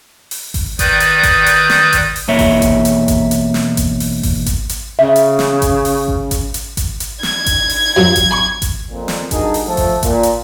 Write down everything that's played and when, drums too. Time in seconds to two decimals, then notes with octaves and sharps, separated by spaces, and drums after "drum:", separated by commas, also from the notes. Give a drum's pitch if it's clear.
0.31 drum: open hi-hat
0.54 drum: kick G#1, open hi-hat
0.79 D#3 B4 D5 D#6 G6, drum: kick G#1, hi-hat
1.00 drum: hi-hat
1.23 drum: kick G#1, hi-hat
1.46 drum: hi-hat
1.69 drum: snare
1.93 drum: kick G#1, hi-hat
2.16 drum: open hi-hat
2.28 B1 E2 A#3 C#5 E5
2.39 drum: kick G#1, open hi-hat
2.62 drum: kick G#1, hi-hat
2.85 drum: hi-hat
3.08 drum: kick G#1, hi-hat
3.31 drum: hi-hat
3.54 drum: snare
3.77 drum: kick G#1, hi-hat
4.00 drum: open hi-hat
4.23 drum: kick G#1, open hi-hat
4.46 drum: kick G#1, hi-hat
4.69 drum: hi-hat
4.99 C#3 E5
5.16 drum: hi-hat
5.39 drum: snare
5.62 drum: kick G#1, hi-hat
5.85 drum: open hi-hat
6.08 drum: kick G#1
6.31 drum: kick G#1, hi-hat
6.54 drum: hi-hat
6.77 drum: kick G#1, hi-hat
7.00 drum: hi-hat
7.23 G#6, drum: snare
7.46 drum: kick G#1, hi-hat
7.69 drum: open hi-hat
7.96 F#2 F3 F#3
8.16 drum: kick G#1, hi-hat
8.31 G#5 B5 C#6
8.62 drum: kick G#1, hi-hat
8.90 F2 A#2
9.08 drum: snare
9.31 G2 D#4 F#4 G#4 A#4 A5, drum: kick G#1, hi-hat
9.54 drum: open hi-hat
9.67 F3 A3 A4
9.77 drum: kick G#1, open hi-hat
10.03 A#2, drum: kick G#1, hi-hat
10.23 drum: hi-hat